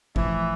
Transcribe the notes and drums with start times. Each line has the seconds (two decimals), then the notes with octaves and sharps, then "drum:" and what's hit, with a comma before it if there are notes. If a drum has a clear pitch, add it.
0.16 A#2 E3 F3 A3, drum: kick